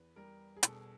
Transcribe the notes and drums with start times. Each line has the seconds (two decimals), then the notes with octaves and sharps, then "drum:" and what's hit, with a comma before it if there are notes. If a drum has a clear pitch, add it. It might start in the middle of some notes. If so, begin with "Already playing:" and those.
Already playing: E2 B4
0.16 G3 A#4
0.56 G#4
0.63 B2 A4, drum: hi-hat